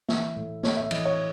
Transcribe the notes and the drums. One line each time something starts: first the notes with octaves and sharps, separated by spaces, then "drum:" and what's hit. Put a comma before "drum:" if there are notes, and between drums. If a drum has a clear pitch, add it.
E3 E5, drum: snare
A2
A2 C#5, drum: snare
E5
E3 D#5, drum: cymbal
C#5